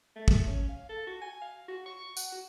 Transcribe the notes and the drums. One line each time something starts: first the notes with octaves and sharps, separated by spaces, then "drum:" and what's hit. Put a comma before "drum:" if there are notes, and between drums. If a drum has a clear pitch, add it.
A3
drum: kick
C#4
F5
A4
F#4
G#5
F5
F#4
C#6
F#5, drum: tambourine
F#4